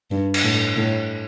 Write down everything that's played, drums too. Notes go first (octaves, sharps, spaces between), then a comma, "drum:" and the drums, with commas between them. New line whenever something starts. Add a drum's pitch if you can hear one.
G2
drum: cymbal
A2
A2